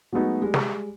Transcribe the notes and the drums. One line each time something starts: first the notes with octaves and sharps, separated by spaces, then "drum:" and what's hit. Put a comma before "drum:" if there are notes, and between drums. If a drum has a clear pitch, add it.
F#3 G#3 A3 B3 D#4 F#4
G3 G#3
drum: snare